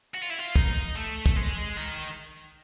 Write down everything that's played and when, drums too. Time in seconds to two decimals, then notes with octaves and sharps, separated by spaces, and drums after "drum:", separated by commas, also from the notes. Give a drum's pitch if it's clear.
0.15 F#4
0.22 F4, drum: open hi-hat
0.30 E4
0.39 F4
0.56 D#4, drum: kick
0.95 A3
1.26 A3, drum: kick
1.36 G#3
1.77 D#3